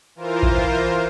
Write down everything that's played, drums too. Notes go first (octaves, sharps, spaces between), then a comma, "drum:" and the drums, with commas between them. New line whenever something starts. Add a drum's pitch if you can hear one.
E3 F4 A#4 C5
drum: kick A1